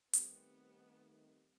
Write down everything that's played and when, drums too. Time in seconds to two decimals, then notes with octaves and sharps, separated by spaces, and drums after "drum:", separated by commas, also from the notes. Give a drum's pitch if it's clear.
0.13 D#3 G3 A3 B3 C4 G4, drum: hi-hat